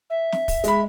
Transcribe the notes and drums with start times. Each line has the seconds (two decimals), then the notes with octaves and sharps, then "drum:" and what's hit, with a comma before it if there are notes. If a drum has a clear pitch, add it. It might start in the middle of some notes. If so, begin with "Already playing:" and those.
0.10 E5
0.32 drum: snare
0.48 drum: kick, open hi-hat
0.64 G#3 B5, drum: hi-hat